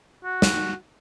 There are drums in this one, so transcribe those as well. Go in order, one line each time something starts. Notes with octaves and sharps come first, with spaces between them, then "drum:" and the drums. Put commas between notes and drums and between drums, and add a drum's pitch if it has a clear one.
F#4
drum: snare